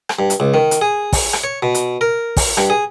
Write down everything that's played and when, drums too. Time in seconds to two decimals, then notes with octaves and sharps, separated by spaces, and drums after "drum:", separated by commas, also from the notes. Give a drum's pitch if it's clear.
0.09 drum: rim click
0.19 G2
0.30 drum: hi-hat
0.40 C#2
0.54 D#3
0.71 drum: hi-hat
0.81 G#4
1.13 drum: kick, open hi-hat
1.33 drum: rim click
1.44 C#5
1.63 B2
1.75 drum: hi-hat
2.01 A#4
2.37 drum: kick, open hi-hat
2.57 G2, drum: rim click
2.70 G#4